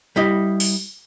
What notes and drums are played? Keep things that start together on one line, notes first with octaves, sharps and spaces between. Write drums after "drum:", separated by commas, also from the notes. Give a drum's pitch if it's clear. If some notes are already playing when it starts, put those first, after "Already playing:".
G3 E4 D#5
drum: open hi-hat